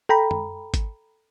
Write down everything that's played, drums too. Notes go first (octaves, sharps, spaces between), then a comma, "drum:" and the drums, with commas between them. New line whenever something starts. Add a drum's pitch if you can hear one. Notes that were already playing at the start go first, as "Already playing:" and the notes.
A4 G5 A#5 B5
drum: tom
drum: kick G#1, hi-hat